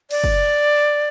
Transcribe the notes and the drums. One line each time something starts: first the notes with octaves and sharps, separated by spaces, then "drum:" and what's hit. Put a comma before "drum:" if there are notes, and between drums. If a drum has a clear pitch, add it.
D5, drum: cymbal
drum: kick